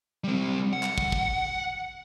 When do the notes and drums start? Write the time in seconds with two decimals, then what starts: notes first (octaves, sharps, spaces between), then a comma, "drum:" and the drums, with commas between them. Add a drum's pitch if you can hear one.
0.24 G3 C4
0.73 F#5
0.83 drum: clap
0.98 drum: kick
1.12 drum: kick